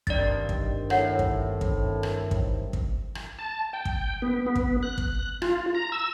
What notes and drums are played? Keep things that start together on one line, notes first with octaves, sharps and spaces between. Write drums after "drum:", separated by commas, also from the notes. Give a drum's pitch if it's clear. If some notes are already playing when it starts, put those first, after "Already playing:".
G2 D#3 C4 D5 A6, drum: kick
drum: kick
A2 C#5 F#5, drum: rim click
drum: kick
drum: kick
drum: rim click
drum: kick
drum: kick
drum: rim click
A5
G5
drum: kick
B3
B3
drum: kick
F#6
drum: kick
F4, drum: rim click
A#5
E6